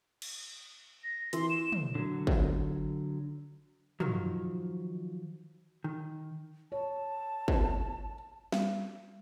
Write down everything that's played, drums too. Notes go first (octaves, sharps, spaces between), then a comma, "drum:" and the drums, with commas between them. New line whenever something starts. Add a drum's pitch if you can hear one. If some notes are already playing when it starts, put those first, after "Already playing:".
drum: cymbal
A#6
E3 C6, drum: hi-hat
E7
drum: tom
D3 F#3
drum: kick
D#3 F3 F#3, drum: tom
D#3
C#5 A5
drum: kick
G3, drum: snare